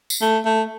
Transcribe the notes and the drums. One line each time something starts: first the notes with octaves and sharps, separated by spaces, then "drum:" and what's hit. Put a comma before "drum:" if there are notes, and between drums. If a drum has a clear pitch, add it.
drum: tambourine
A3
A3